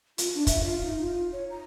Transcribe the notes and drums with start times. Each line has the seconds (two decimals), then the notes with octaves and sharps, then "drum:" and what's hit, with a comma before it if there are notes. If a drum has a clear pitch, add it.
0.18 F4, drum: hi-hat
0.34 D4
0.47 E5, drum: kick, hi-hat
0.64 F4
0.85 D#4
1.01 F4
1.32 C#5
1.50 A#5